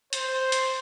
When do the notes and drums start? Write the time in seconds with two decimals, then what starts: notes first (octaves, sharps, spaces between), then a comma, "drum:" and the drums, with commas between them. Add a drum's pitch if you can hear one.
0.13 C5, drum: hi-hat
0.52 drum: hi-hat